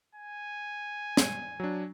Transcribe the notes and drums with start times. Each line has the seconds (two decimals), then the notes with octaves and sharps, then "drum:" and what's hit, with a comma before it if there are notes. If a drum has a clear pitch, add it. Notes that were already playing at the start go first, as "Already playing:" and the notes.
0.15 G#5
1.17 drum: snare
1.60 F#3 D4